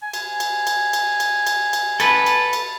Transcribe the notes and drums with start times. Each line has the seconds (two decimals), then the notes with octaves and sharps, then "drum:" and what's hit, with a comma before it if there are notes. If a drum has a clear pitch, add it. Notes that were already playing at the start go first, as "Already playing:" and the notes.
0.02 G#5
0.14 drum: cymbal
0.40 drum: cymbal
0.67 drum: cymbal
0.93 drum: cymbal
1.20 drum: cymbal
1.47 drum: cymbal
1.73 drum: cymbal
2.00 A4 B4, drum: cymbal
2.26 drum: cymbal
2.53 drum: cymbal